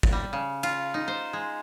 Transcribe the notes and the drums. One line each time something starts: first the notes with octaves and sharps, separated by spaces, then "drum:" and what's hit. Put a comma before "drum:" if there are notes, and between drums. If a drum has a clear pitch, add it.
drum: kick G#1
G3
C#3
F4, drum: cymbal
D#4
C5
G#3